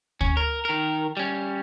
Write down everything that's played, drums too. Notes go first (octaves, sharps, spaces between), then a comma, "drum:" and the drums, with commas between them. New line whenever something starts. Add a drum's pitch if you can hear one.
C#4, drum: kick D2
A#4
D#3 A#4
G3 C#4